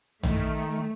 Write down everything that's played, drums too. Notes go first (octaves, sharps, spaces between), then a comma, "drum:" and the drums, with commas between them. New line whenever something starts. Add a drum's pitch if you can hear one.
D#3 A3, drum: tom A#1